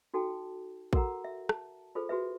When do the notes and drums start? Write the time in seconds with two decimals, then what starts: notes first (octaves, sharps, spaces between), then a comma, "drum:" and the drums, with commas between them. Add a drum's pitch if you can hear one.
0.14 D#4 F#4 A4 G5 A5
0.93 F#4 A4 A#4 F#5 A#5, drum: kick A1
1.24 E5
1.49 A5, drum: rim click
1.95 F4 G#4 A4 C5
2.09 F#4 G#4 B4 E5